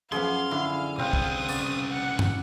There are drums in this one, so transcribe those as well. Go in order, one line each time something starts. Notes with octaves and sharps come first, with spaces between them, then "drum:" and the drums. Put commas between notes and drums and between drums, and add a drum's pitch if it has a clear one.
F#2 F3 B3 G#4 F5 C6
D3 E4
C2 B3 C4 F5 F#5 D#6
drum: kick
C#3 D5, drum: tambourine
F#5
drum: tom F#2